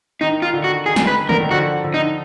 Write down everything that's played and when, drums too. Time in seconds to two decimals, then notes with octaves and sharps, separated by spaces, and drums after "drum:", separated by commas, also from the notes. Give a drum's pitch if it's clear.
0.21 D#3 D#4
0.42 F4
0.54 D3
0.64 F#4
0.86 D#3 G#4
0.96 drum: snare
1.07 B4
1.29 D3 A#4, drum: tom D3
1.40 D#3
1.51 D3 F3 F#4
1.84 D3 F3
1.94 D#4